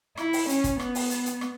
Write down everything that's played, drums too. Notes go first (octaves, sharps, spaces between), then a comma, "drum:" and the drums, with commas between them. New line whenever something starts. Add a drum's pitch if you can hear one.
E4, drum: rim click
drum: open hi-hat
C#4, drum: hi-hat
drum: kick, hi-hat
B3, drum: rim click
drum: open hi-hat
drum: hi-hat
drum: hi-hat
drum: rim click